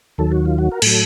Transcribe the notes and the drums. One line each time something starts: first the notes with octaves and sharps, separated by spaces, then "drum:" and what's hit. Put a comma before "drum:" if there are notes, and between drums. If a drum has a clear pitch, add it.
D#2 D#3 F#3 A4
F#4
F4
F#4
A#4
A2 F#3 A4, drum: cymbal